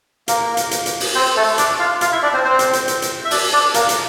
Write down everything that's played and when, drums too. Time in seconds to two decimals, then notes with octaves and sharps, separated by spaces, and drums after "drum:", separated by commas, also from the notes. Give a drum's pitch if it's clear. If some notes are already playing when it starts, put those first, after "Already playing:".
0.28 A#3 A#4, drum: hi-hat
0.57 drum: hi-hat
0.71 drum: hi-hat
0.86 drum: hi-hat
1.00 drum: open hi-hat
1.15 C4 C5
1.36 A3 A4
1.58 D4 D5, drum: hi-hat
1.79 F4 F5
2.01 F4 F5, drum: hi-hat
2.12 E4 E5
2.23 D4 D5
2.33 C4 C5
2.44 C4 C5
2.59 drum: hi-hat
2.73 drum: hi-hat
2.88 drum: hi-hat
3.02 drum: hi-hat
3.25 E5
3.31 D4 D5, drum: open hi-hat
3.53 D4 D5
3.74 A#3 A#4, drum: hi-hat
3.89 drum: hi-hat